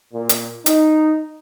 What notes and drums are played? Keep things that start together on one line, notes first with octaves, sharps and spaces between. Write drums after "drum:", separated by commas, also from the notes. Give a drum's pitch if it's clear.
A#2
drum: hi-hat
D#4, drum: hi-hat